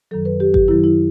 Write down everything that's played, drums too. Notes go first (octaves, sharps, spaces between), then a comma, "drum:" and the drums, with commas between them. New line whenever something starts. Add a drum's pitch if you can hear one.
F#2 D#3 F#3 A4
B4
G4
G4, drum: kick G#1
F#2 D#3 F#3 E4
E4